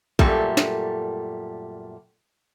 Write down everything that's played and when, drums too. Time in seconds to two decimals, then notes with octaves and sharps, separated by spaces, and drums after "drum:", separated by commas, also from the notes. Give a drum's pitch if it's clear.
0.19 F#2 A#2 G3 A3, drum: kick A#1
0.57 drum: snare